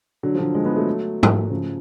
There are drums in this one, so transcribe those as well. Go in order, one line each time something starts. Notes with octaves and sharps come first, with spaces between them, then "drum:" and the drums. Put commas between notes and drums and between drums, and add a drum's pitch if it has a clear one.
D3 F#3
F3
D3 F#3
F3 G#3
G#3 B3
F#3 A3
drum: tom G#2
C#3 F3